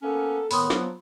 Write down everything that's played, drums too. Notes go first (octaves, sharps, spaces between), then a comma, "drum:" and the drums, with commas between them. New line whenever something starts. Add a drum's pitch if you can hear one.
A#3 B3 C#4 A4
A2 D#3 B3 B5 C6 D#6, drum: open hi-hat
F3 F#3, drum: snare